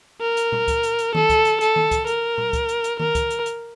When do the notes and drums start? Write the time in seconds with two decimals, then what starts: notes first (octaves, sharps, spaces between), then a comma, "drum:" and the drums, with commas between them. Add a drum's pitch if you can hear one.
0.21 A#4
0.37 drum: hi-hat
0.52 drum: tom A#2
0.68 drum: kick C#2, hi-hat
0.83 drum: hi-hat
0.99 drum: hi-hat
1.15 A4, drum: tom D#3
1.30 drum: kick C#2, hi-hat
1.45 drum: hi-hat
1.61 A4, drum: hi-hat
1.76 drum: tom D#3
1.91 drum: kick C#2, hi-hat
2.07 A#4, drum: hi-hat
2.38 drum: tom A#2
2.53 drum: kick C#2, hi-hat
2.69 drum: hi-hat
2.84 drum: hi-hat
3.00 A#4, drum: tom D#3
3.15 drum: kick C#2, hi-hat
3.30 drum: hi-hat
3.46 drum: hi-hat